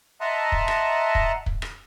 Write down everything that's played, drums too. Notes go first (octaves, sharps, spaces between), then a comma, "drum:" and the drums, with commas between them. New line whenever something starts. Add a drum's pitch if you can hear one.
D#5 E5 F#5 A5 A#5 C6
drum: kick
drum: rim click
drum: kick
drum: kick
drum: rim click